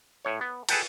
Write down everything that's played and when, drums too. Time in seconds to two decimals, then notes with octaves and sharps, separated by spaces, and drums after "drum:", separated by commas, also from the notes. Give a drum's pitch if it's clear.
0.25 A2 C#5
0.41 B3
0.69 G#4 A4 B4 F#5 G5 A5, drum: cymbal